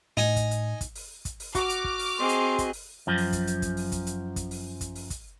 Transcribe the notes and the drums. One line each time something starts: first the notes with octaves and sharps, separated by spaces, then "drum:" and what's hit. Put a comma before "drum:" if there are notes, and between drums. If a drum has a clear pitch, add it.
A2 D#4 G#5
drum: kick, hi-hat
drum: hi-hat
drum: kick, hi-hat
drum: open hi-hat
drum: kick, hi-hat
drum: open hi-hat
F#4 D6 F6, drum: kick, hi-hat
drum: hi-hat
drum: kick
drum: open hi-hat
C4 G#4 D#5 C6
drum: hi-hat
drum: kick, hi-hat
drum: open hi-hat
F#2 F3
drum: open hi-hat
drum: kick, hi-hat
drum: hi-hat
drum: kick, hi-hat
drum: open hi-hat
drum: kick, hi-hat
drum: hi-hat
drum: kick, hi-hat
drum: open hi-hat
drum: kick, hi-hat
drum: open hi-hat
drum: kick, hi-hat